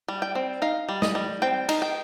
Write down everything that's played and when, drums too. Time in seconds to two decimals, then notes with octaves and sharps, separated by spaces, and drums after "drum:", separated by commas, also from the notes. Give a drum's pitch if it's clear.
0.08 G3
0.22 G5
0.35 C4
0.62 D#4 F5
0.89 G3
1.02 D#5, drum: snare
1.15 G3
1.42 C4 G5
1.69 D#4, drum: cymbal
1.82 G5